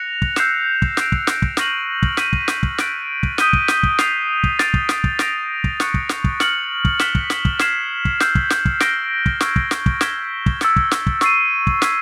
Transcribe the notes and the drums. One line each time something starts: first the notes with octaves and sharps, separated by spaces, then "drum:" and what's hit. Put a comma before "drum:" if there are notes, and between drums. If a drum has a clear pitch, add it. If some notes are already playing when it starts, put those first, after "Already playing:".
Already playing: F#6 A#6 C#7 F7
drum: kick
E6 G6 C7 E7, drum: snare
drum: kick
G6 A#6 D7, drum: snare
drum: kick
drum: snare
drum: kick
C#6 F6 A#6 D#7 F#7, drum: snare
drum: kick
G6 B6 D#7 F#7, drum: snare
drum: kick
drum: snare
drum: kick
F#6 A6 D7, drum: snare
drum: kick
D#6 G6 B6 D#7 G7, drum: snare
drum: kick
drum: snare
drum: kick
A6 C7 F7, drum: snare
drum: kick
A6 D7 F7, drum: snare
drum: kick
drum: snare
drum: kick
G6 A#6 D7 F7, drum: snare
drum: kick
C#6 F#6 A6 C#7, drum: snare
drum: kick
drum: snare
drum: kick
F6 A6 C#7 F#7, drum: snare
drum: kick
F#6 B6 E7 G7, drum: snare
drum: kick
drum: snare
drum: kick
F6 G#6 C7 E7, drum: snare
drum: kick
E6 G6 C7 E7, drum: snare
drum: kick
drum: snare
drum: kick
F6 A#6 D7 G7, drum: snare
drum: kick
C#6 E6 G#6, drum: snare
drum: kick
drum: snare
drum: kick
G#6 B6 E7 G7, drum: snare
drum: kick
E6 A6 C#7, drum: snare
drum: kick
drum: snare
drum: kick
C#6 E6 A6 C7 D#7, drum: snare
drum: kick
F6 G#6 B6, drum: snare